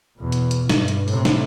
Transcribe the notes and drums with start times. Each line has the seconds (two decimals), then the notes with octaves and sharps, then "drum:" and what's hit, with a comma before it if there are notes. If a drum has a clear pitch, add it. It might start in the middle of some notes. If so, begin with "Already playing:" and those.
0.18 E2 B2
0.32 drum: hi-hat
0.51 drum: hi-hat
0.69 G2, drum: snare
0.88 drum: hi-hat
1.08 A2 C3, drum: open hi-hat
1.25 drum: snare